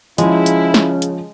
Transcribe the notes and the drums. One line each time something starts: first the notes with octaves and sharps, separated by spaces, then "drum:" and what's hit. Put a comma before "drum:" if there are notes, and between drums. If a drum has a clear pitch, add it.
C#3 F3 G#3 C#4 E4, drum: hi-hat
drum: hi-hat
drum: snare
drum: hi-hat